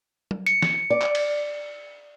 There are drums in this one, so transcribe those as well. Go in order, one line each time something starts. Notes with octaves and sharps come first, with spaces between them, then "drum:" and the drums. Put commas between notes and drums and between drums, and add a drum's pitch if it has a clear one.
drum: tom
C#7, drum: hi-hat
drum: snare
D5
drum: clap
drum: cymbal